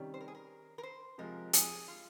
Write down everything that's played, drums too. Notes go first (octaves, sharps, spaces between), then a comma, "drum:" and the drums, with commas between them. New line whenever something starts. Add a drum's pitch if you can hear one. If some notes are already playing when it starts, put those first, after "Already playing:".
Already playing: C3 D#3 G3 C#4
C5
A#4
G#4
A#4
A#4
C5
C3 F3 G#3 A#4
G#4, drum: hi-hat
F4